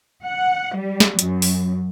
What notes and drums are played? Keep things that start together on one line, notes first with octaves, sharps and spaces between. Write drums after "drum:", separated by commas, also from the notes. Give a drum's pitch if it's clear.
F#5
G3
drum: snare
F#2, drum: hi-hat
drum: open hi-hat